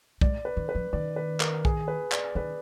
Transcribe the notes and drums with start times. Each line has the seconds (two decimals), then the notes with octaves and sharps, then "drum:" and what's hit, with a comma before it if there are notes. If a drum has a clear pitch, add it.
0.21 G#3 D5, drum: kick B1
0.45 B4
0.57 D#3
0.69 B4
0.75 F3
0.93 D#3 D5
1.16 B4
1.40 A#4, drum: clap
1.65 G#4, drum: kick B1
1.88 B4
2.12 D5, drum: clap
2.35 D#3 B4